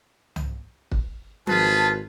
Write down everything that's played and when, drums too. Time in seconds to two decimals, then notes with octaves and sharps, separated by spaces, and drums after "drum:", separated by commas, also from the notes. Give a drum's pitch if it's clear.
0.36 drum: tom C2
0.92 drum: kick
1.47 G#1 F4 G#4 B4 A5, drum: tom F3